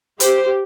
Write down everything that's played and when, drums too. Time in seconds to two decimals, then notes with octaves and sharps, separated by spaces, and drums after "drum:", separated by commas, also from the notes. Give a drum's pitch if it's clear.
0.20 G4 C5, drum: hi-hat